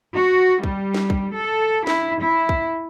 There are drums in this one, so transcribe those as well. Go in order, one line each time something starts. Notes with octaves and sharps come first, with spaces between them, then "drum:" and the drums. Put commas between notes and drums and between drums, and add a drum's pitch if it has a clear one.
F#4
G3, drum: kick
drum: snare
drum: kick
A4
E4, drum: snare
E4
drum: kick